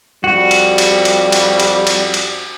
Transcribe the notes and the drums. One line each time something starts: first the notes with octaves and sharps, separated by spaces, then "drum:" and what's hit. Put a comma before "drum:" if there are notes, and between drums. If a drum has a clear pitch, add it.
F2 G3 F#4
drum: cymbal
drum: cymbal
drum: cymbal
drum: cymbal
drum: cymbal
drum: cymbal
drum: cymbal